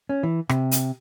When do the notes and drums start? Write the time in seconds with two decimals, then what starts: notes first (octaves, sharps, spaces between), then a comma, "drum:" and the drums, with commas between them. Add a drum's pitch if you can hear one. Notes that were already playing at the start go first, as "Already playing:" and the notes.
0.09 C#4
0.23 E3
0.49 C3, drum: rim click
0.71 drum: hi-hat